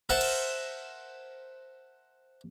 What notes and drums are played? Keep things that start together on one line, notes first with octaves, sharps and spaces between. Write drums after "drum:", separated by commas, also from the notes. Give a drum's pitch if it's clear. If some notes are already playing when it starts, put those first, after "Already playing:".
A#4 C5 E5 F#5 A5 A#5
drum: cymbal